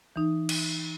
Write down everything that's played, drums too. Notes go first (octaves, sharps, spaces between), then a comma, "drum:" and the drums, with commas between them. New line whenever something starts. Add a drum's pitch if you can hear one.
E3 D#4
drum: cymbal